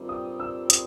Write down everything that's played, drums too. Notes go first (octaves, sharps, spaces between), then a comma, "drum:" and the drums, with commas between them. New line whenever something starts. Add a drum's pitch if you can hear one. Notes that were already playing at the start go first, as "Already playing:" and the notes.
Already playing: G2 D#3 G3 C4 F4
D#6
E6
D#6, drum: hi-hat